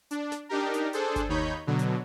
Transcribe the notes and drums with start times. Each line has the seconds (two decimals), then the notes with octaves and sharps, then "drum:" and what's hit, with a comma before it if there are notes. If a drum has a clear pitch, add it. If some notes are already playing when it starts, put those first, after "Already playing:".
0.11 D4, drum: hi-hat
0.32 drum: snare
0.49 D4 D#4 G4 A#4
0.74 drum: hi-hat
0.93 D4 G#4 A4 C5, drum: hi-hat
1.16 drum: kick G1, hi-hat
1.29 D#2 D#4 C#5 B5 G6
1.67 B2 D3 F#3
1.79 drum: hi-hat